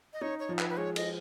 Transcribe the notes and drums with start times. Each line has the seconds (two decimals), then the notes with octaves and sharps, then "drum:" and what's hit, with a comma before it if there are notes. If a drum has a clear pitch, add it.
0.13 D#5
0.21 D#4 C#5
0.40 C#5
0.49 F3
0.59 B4, drum: clap
0.70 B4
0.77 G#3 C#5
0.96 D#5, drum: cymbal